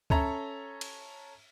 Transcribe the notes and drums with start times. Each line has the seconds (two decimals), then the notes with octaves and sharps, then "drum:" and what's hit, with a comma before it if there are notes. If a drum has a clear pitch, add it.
0.10 C#4 A4 C#5 E5 A#5, drum: kick
0.81 drum: cymbal